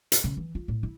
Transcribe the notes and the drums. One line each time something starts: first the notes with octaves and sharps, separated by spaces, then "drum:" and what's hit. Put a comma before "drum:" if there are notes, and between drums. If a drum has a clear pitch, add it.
drum: hi-hat
C#3
E3
F4
A2
E4